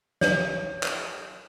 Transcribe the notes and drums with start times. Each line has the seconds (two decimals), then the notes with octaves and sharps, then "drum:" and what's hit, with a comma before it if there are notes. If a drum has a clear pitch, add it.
0.21 C#5, drum: snare
0.83 drum: clap